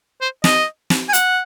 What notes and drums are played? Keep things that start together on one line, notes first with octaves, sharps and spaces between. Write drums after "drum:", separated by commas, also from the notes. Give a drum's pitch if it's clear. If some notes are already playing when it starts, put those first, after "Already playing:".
C5
D#5, drum: snare
drum: snare
G#5
F#5, drum: hi-hat